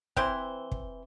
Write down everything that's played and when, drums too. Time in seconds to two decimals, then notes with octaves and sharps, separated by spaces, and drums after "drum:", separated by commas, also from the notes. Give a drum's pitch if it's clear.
0.16 E3 C4 E4 C5, drum: kick
0.72 drum: kick